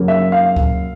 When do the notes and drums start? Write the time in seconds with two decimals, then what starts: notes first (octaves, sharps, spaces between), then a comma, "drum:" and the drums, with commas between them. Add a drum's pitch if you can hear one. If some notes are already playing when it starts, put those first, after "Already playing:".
Already playing: F#2 C#3 F#3 A#3
0.08 E5
0.32 F5
0.56 drum: kick C#2